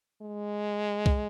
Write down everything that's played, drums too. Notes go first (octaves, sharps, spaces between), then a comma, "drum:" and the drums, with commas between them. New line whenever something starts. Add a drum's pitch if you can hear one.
G#3
drum: kick